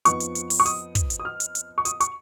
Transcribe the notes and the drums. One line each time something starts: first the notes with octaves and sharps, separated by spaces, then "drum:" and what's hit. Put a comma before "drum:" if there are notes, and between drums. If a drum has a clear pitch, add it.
F2 F3 B3 D#4 C#6, drum: hi-hat
drum: hi-hat
drum: hi-hat
drum: open hi-hat
C#6
D#6, drum: hi-hat
drum: kick, hi-hat
drum: hi-hat
D#6
F6
drum: hi-hat
drum: hi-hat
C#6
D#6, drum: hi-hat
C#6, drum: hi-hat